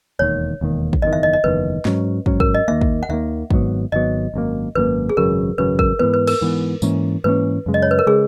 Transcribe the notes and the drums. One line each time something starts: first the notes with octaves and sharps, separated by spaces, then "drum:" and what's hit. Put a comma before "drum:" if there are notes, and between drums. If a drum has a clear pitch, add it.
E1 D#2 D#3 C#5
E1 D#2 D#3
drum: kick
F#1 E2 D#3 D#5
E5
D#5
D#5
F#1 E2 D#3 B4
G#2 F#3 C#4, drum: snare
G#2 F#3 C#4, drum: kick
A#4, drum: kick
D#5
D#2 D#3 A#3 E5
drum: kick
F#5
D#2 D#3 A#3 E5
G#1 G#2 F#3 B3, drum: kick
G#1 G#2 F#3 B3 D#5
G#1 F#2 D#3 A#3
G#1 F#2 D#3 A#3 B4
G#4
G#1 F#2 C#3 F#3 A#4
G#1 F#2 C#3 F#3 B4
A#4, drum: kick
G#2 E3 B3 B4
B4
A#4, drum: cymbal
G#2 E3 B3
G#2 E3 A#3 C#4, drum: tambourine
G#2 E3 A#3 C#4 B4
F#2 C#3 G#3
D#5
C#5
B4
A#4
C#3 G#3 G#4